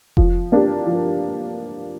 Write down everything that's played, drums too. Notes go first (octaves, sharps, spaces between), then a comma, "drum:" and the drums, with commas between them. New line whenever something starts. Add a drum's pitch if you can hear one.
F3, drum: kick F1
A#3 D4 G4
F3